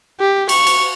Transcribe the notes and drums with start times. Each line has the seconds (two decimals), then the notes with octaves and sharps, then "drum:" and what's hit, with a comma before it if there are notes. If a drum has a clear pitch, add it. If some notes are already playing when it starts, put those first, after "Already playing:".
0.20 G4
0.49 C#6, drum: cymbal
0.67 drum: cymbal